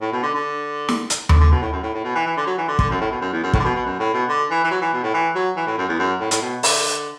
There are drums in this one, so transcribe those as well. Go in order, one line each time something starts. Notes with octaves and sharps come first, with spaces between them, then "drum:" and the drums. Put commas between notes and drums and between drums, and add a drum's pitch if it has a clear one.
A2
B2
D3
D3
drum: snare
drum: hi-hat
D3, drum: tom D#2
D3
B2
A2
F#2
A2
A2
B2
E3
E3
D3
F#3
E3
D3
D3, drum: kick
F#2
A2
B2
F#2
E2
F#2
A2, drum: kick
D3
B2
B2
F#2
A2
B2
D3
E3
E3
F#3
E3
B2
A2
E3
F#3
E3
A2
F#2
E2
F#2
A2
A2, drum: hi-hat
B2
D3, drum: open hi-hat